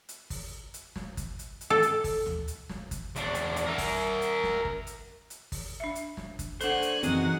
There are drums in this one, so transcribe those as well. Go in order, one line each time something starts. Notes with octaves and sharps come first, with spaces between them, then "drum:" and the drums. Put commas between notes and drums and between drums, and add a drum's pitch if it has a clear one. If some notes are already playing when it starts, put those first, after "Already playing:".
drum: hi-hat
drum: kick, open hi-hat
drum: hi-hat
drum: snare
drum: kick, hi-hat
drum: hi-hat
drum: hi-hat
A4
drum: hi-hat
drum: kick, open hi-hat
drum: tom
drum: hi-hat
drum: snare
drum: kick, hi-hat
E2 D4, drum: hi-hat
drum: hi-hat
drum: hi-hat
A#4 E5
drum: kick, open hi-hat
drum: hi-hat
drum: snare
drum: kick
drum: hi-hat
drum: hi-hat
drum: kick, open hi-hat
D4 E5
drum: hi-hat
drum: snare
drum: kick, hi-hat
D4 A4 C5 F#5 G#5 C#6 F#6, drum: hi-hat
drum: hi-hat
F#2 E3 F#3 C4 D#4 G#4 B4 F#5, drum: hi-hat